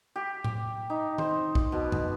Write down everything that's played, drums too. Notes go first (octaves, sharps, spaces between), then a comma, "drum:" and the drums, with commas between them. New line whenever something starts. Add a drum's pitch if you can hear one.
G4
drum: tom A2
D#4
C5, drum: tom
drum: kick
B2
drum: tom F2